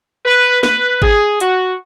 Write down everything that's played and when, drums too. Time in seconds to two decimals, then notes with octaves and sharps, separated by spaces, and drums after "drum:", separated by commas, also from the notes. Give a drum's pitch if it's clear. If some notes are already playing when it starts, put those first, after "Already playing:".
0.25 B4
0.63 B4, drum: snare
1.02 G#4, drum: kick G#1
1.40 F#4, drum: hi-hat